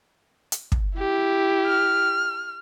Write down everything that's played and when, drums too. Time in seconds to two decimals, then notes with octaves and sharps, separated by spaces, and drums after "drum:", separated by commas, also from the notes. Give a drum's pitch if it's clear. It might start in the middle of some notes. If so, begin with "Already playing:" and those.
0.52 drum: hi-hat
0.72 drum: kick
0.97 E4 G4
1.66 F6